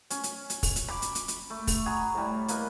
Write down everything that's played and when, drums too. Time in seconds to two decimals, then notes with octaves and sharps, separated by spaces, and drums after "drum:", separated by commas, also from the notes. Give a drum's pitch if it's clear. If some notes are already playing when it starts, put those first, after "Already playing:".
0.10 C#4, drum: hi-hat
0.23 drum: hi-hat
0.50 drum: hi-hat
0.63 drum: kick, open hi-hat
0.76 drum: hi-hat
0.88 B5 D6, drum: rim click
1.02 drum: hi-hat
1.15 drum: hi-hat
1.28 drum: hi-hat
1.50 A3
1.67 drum: kick, open hi-hat
1.85 F#4 G#4 A#5 B5
2.15 A2 G3
2.48 A#3 B4 D#5, drum: hi-hat